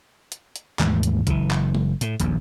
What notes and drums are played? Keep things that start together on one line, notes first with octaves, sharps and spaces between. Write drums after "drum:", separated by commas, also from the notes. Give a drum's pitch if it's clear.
drum: hi-hat
drum: hi-hat
D#2 G#2 E3 A3, drum: clap
drum: hi-hat
F#1 B2 E3, drum: kick B1, hi-hat
drum: clap
drum: tom G#3
A2, drum: hi-hat
D#1 A#1 E2, drum: hi-hat